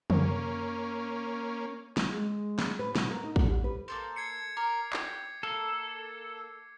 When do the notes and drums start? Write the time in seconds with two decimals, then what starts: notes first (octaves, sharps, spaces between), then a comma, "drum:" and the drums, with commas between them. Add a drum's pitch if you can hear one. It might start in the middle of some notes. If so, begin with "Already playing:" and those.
0.10 F#2 A#3 C#4, drum: tom
1.97 drum: snare
2.13 G#3
2.59 drum: snare
2.79 B4
2.96 B2, drum: snare
3.11 A#4
3.24 D#4
3.36 D3, drum: kick
3.49 G3
3.64 B4
3.88 A#3 A4 C5
4.16 G#6 C7 C#7
4.57 A#4 D6
4.93 G4, drum: clap
5.43 A#3 A4